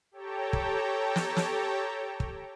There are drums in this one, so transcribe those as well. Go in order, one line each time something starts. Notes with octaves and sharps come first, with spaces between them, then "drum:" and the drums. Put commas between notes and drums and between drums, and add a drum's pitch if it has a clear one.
G4 A4 C#5 G5 A5 A#5
drum: kick
drum: snare
drum: snare
drum: kick